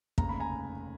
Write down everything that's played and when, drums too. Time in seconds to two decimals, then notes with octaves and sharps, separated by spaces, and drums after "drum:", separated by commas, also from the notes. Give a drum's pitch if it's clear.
0.18 F1 D#2 C#3 A#5, drum: kick
0.29 B5
0.40 G#5 A#5